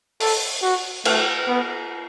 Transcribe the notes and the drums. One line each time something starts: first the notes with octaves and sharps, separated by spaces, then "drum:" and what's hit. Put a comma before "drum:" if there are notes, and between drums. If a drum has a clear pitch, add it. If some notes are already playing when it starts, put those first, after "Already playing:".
A4, drum: open hi-hat
F#4
A3, drum: cymbal
B3